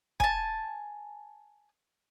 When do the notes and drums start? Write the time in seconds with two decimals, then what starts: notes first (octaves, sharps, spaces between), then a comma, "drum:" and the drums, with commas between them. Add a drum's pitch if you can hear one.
0.20 G#5 A5, drum: kick